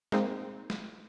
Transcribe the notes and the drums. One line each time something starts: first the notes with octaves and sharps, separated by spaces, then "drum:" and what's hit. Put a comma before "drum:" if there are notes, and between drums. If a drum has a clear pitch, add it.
G#3 A#3 C4 D#4, drum: snare
drum: snare